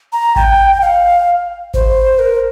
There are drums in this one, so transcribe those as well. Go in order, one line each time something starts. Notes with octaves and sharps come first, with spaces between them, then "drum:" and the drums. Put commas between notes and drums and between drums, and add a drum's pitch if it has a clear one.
A#5
G5, drum: kick G#1
F5
C5, drum: kick G#1
A#4